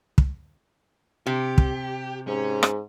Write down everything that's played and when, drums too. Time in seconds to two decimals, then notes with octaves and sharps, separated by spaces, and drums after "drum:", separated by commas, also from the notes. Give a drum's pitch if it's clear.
0.18 drum: kick
1.27 C3 G4
1.58 drum: kick
2.28 G#2 C#4
2.63 drum: rim click